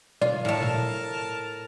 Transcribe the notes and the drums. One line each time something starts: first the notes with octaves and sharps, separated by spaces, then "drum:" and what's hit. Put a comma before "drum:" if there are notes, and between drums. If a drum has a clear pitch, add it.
F4 D5, drum: tom B2
A2 A3 A#4 A5
drum: tom A#2